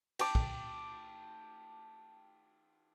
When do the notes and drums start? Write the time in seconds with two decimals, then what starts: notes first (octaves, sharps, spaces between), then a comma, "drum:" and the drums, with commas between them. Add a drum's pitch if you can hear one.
0.19 G5 A5 D6, drum: cymbal
0.35 drum: kick